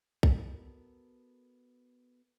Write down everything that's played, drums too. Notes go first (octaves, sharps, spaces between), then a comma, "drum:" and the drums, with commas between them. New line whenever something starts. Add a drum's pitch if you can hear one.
B3 F#4 A4 A#4, drum: kick B1